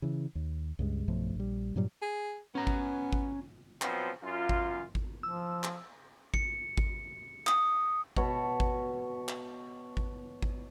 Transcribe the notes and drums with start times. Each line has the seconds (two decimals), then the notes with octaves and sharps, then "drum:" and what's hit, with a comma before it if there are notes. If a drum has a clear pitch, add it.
0.02 C#3 E3
0.35 D#2
0.79 C#2 G2 G#3
1.08 B1 G2 F3 A3
1.35 A#1 G3
1.76 G2 A#2 F#3 G3
2.02 G#4
2.55 B3 C#4 A#5
2.67 drum: kick G#1
3.13 drum: kick G#1
3.82 B2 F3 F#3 B3 C4, drum: clap
4.23 F#2 F4
4.49 drum: kick G#1
4.95 drum: kick G#1
5.23 F3 E6
5.63 drum: clap
6.34 C#7, drum: kick G#1
6.78 drum: kick G#1
7.47 D#6, drum: clap
8.16 B2 C#5 A5 B5, drum: kick G#1
8.60 drum: kick G#1
9.28 drum: clap
9.97 drum: kick G#1
10.42 drum: kick G#1